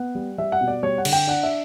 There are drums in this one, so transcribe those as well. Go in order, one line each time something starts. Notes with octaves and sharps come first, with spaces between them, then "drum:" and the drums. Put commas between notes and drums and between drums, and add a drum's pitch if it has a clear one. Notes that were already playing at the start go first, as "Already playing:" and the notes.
Already playing: B3 F#5
G3
G3 E5
F#5
B2
D5
G3 C#5
F#5
D3, drum: cymbal
G5
D4 F#5
E5